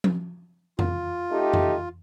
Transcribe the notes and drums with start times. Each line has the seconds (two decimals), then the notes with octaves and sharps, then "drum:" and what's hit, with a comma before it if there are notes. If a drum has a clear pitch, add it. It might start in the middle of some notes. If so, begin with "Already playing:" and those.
0.04 drum: tom F3
0.79 F4, drum: tom F2
1.32 A3 D#4 G4
1.53 drum: tom F2